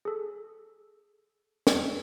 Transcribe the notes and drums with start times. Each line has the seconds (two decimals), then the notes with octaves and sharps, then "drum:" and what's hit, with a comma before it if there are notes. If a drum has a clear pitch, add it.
0.05 G#4 A4
1.67 drum: snare